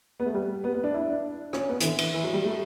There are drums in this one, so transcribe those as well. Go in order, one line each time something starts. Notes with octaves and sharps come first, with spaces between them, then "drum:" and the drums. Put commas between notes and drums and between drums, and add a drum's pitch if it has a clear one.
B3
A3
G3
B3
B3
D4
E4
D4
C#4, drum: rim click
B3
E3, drum: hi-hat
D3
E3, drum: cymbal
E3
F#3
G3
A3